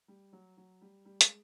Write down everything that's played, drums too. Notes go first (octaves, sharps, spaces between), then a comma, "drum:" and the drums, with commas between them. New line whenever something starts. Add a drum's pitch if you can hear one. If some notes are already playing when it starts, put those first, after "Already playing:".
G3
F#3
F#3
G3
G3
G#3, drum: hi-hat